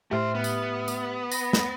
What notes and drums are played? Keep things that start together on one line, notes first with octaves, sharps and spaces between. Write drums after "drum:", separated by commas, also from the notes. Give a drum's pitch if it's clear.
A2 A3 G4 C5 E5 F6
B3
drum: tambourine
drum: tambourine
B5 A#6, drum: tambourine
drum: snare